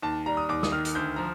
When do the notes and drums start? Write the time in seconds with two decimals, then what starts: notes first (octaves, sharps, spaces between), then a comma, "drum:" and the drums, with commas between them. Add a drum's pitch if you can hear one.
0.02 D#2 A5
0.26 G3 A#5
0.37 D#6
0.49 D#2 D6
0.63 D#6, drum: snare
0.72 D#3 F6
0.85 drum: hi-hat
0.95 D2 G6
1.16 F3 A#5